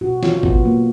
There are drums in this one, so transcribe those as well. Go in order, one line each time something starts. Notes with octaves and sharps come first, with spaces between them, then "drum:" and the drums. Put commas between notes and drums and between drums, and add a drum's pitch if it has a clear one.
B2 F#4
F4, drum: snare
F#3
B3, drum: kick G1
B2
A#3